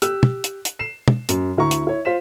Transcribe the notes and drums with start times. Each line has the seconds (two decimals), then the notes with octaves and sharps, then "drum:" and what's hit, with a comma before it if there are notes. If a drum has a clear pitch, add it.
0.02 G4 E6 F#6, drum: hi-hat
0.23 drum: tom
0.44 drum: hi-hat
0.65 drum: hi-hat
0.79 C7 E7
1.08 drum: tom
1.29 F#2, drum: hi-hat
1.57 D2 E4 A#5 C#6
1.71 drum: hi-hat
1.87 E4 C#5
2.05 F4 C5 B6 E7